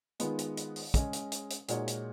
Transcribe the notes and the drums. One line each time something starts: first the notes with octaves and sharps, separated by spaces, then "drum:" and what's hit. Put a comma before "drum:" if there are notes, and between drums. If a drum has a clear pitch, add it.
D#3 G#3 B3 F4, drum: hi-hat
drum: hi-hat
drum: hi-hat
drum: open hi-hat
G#3 C#4 G#4 D#5, drum: kick, hi-hat
drum: hi-hat
drum: hi-hat
drum: hi-hat
A#2 G#3 D#4 F#4 C#5, drum: hi-hat
drum: hi-hat